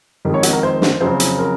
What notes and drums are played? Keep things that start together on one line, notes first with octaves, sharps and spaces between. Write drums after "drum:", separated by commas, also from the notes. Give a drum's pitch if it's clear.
F2 D#3 G#3
C#5
F#4, drum: hi-hat
A#4
C5
drum: snare
F2 C#3 F#3 C5
drum: hi-hat
A#4